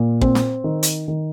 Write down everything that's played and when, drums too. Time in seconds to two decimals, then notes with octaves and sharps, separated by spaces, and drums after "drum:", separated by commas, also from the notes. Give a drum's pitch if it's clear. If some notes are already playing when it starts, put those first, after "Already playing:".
Already playing: A#2
0.21 C4, drum: kick
0.35 drum: snare
0.64 D#3
0.83 drum: hi-hat
1.08 D#3